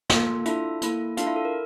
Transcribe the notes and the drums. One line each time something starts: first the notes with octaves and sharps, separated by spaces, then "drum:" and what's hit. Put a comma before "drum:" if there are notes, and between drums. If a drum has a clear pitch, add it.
A#3 F4 A4, drum: snare
D4 E4 F4 A4 E5, drum: hi-hat
A#3 E4 A4, drum: hi-hat
D4 F4 A4 F5, drum: hi-hat
E4 E5
A4
A#4